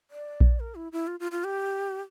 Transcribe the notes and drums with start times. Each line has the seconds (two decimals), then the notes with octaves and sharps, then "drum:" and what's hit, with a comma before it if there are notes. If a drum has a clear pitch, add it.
0.11 D5
0.41 drum: kick A#1
0.60 A#4
0.75 E4
0.92 E4
1.07 F4
1.20 F4
1.31 F4
1.44 G4